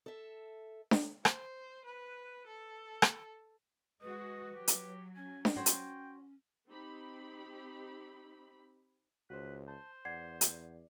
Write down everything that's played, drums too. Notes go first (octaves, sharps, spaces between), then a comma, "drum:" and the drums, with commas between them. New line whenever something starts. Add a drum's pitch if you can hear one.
A4 E5
drum: snare D4
C5, drum: rim click
B4
A4
drum: rim click
G#3 F#4 B4 D#5
F#3 G4
drum: hi-hat
C#4 G#5
drum: snare D4
F#4 C5 C#5 G5
drum: hi-hat
C4 D#4 G4 B5
C#2 F#4 B4 C5
C5 A5
E2 D5 F#5 G#6 C7
drum: hi-hat